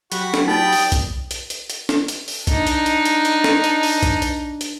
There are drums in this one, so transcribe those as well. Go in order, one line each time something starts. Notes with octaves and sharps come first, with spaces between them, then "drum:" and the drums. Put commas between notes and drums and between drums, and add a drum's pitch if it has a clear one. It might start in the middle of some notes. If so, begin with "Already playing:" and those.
F#3 F#4 G4 B5, drum: hi-hat
drum: snare
D#4 D5 G5 D#6
drum: open hi-hat
drum: kick, hi-hat
drum: hi-hat
drum: hi-hat
drum: hi-hat
drum: snare
drum: hi-hat
drum: open hi-hat
D4 D#4, drum: kick, hi-hat
drum: hi-hat
drum: hi-hat
drum: hi-hat
drum: hi-hat
drum: snare
drum: hi-hat
drum: open hi-hat
drum: kick, hi-hat
drum: hi-hat
drum: hi-hat